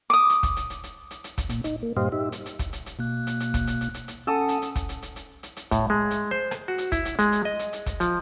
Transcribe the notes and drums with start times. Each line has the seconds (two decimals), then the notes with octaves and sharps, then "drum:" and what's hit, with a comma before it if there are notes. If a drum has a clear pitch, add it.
0.10 D6 D#6
0.29 drum: hi-hat
0.43 drum: kick, hi-hat
0.57 drum: hi-hat
0.70 drum: hi-hat
0.84 drum: hi-hat
1.11 drum: hi-hat
1.24 drum: hi-hat
1.38 drum: kick, hi-hat
1.49 A#2, drum: hi-hat
1.64 D#4, drum: hi-hat
1.83 A#3
1.97 G2 A#2 G4 C5 D#5 F5
2.12 D#4 G4 E5
2.32 drum: hi-hat
2.46 drum: hi-hat
2.59 drum: kick, hi-hat
2.73 drum: hi-hat
2.86 drum: hi-hat
2.99 B2 A#3 F#6
3.27 drum: hi-hat
3.40 drum: hi-hat
3.54 drum: kick, hi-hat
3.67 drum: hi-hat
3.81 drum: hi-hat
3.94 drum: hi-hat
4.08 drum: hi-hat
4.27 C#4 A4 F#5 G#5 D#6
4.48 drum: hi-hat
4.62 drum: hi-hat
4.75 drum: kick, hi-hat
4.89 drum: hi-hat
5.02 drum: hi-hat
5.16 drum: hi-hat
5.43 drum: hi-hat
5.57 drum: hi-hat
5.71 A2, drum: kick, hi-hat
5.90 G#3
6.11 drum: hi-hat
6.31 C5
6.51 drum: rim click
6.68 F#4
6.78 drum: hi-hat
6.92 E4, drum: kick, hi-hat
7.05 drum: hi-hat
7.19 G#3, drum: hi-hat
7.32 drum: hi-hat
7.45 D#5
7.59 drum: hi-hat
7.73 drum: hi-hat
7.86 drum: kick, hi-hat
8.00 F3, drum: hi-hat